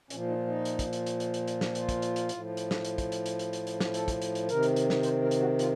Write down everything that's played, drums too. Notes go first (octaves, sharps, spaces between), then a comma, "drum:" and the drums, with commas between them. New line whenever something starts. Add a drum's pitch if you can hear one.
A#2 F3 C#4, drum: hi-hat
D#4
D#4
drum: hi-hat
drum: kick, hi-hat
drum: hi-hat
drum: hi-hat
drum: hi-hat
drum: hi-hat
drum: hi-hat
drum: snare
F4, drum: hi-hat
drum: kick, hi-hat
drum: hi-hat
drum: hi-hat
A2, drum: hi-hat
F3
drum: hi-hat
drum: snare
drum: hi-hat
drum: kick, hi-hat
drum: hi-hat
drum: hi-hat
drum: hi-hat
drum: hi-hat
drum: hi-hat
drum: snare
A4, drum: hi-hat
drum: kick, hi-hat
drum: hi-hat
drum: hi-hat
C3 D#3 A#4, drum: hi-hat
drum: hi-hat
drum: hi-hat
drum: snare
C5, drum: hi-hat
A#4
drum: hi-hat
F#4
F4, drum: hi-hat